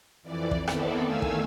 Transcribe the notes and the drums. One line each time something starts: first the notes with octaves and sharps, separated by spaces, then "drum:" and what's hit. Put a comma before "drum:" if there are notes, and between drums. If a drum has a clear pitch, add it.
F2 E3 D5
drum: kick
D#3 B3 C4 E4 A4 D5, drum: rim click
E2 D#3 A3 F5 G#5 E6
drum: kick